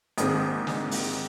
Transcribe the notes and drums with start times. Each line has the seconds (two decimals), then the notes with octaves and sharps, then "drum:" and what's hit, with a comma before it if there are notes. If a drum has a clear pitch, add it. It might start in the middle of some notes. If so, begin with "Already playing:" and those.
0.18 A#1 G#2 D#3 G#3 C4 D#6, drum: hi-hat
0.67 drum: snare
0.91 drum: open hi-hat